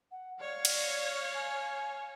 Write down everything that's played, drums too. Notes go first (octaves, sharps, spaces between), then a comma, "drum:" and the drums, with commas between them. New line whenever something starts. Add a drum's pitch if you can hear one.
F#5
C#5 D5 F5
drum: cymbal
G#5